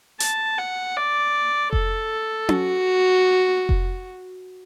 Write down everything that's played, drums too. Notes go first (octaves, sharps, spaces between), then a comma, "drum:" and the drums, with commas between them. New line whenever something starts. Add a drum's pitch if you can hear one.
A5, drum: hi-hat
F#5
D5
A4, drum: kick F1
F#4, drum: tom C#4
drum: kick F1